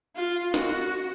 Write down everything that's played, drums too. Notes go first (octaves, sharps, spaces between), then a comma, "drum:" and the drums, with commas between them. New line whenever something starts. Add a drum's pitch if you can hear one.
F4
F#4, drum: snare